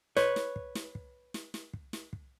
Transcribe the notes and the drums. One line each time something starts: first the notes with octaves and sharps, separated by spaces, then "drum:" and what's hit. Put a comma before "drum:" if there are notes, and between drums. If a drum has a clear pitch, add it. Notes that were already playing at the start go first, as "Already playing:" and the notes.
B4 C#5, drum: snare
drum: snare
drum: kick
drum: snare
drum: kick
drum: snare
drum: snare
drum: kick
drum: snare
drum: kick